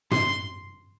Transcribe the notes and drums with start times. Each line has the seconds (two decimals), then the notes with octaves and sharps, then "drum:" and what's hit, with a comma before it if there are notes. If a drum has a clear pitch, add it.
0.11 C6, drum: tom